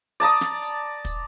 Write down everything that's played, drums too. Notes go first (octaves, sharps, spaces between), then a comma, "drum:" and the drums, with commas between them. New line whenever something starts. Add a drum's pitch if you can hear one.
D5 A5 A#5 D#6, drum: hi-hat
drum: snare
drum: hi-hat
drum: kick, hi-hat